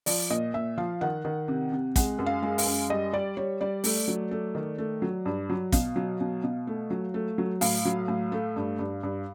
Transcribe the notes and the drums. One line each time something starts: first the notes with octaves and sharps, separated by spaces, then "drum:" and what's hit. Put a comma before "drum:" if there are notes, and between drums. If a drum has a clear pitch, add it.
F3 D5, drum: open hi-hat
A#2 D#5
A#2 E5
F3 F5
D#3 F#5
D#3
C3
C3
G#3 F#5, drum: kick, hi-hat
F#2
F5
G#3
F5, drum: open hi-hat
F#2
G3 D#5
G3 D5
G3 C#5
G3 D5
A3, drum: open hi-hat
F#3
A3
D#3
A3
F#3
G2
F#3
B2 F5, drum: kick, hi-hat
F#3
B2
B2
A3
F#3
A3
F#3
A2 F5, drum: open hi-hat
F#3
A2
A3
G2
G2
G2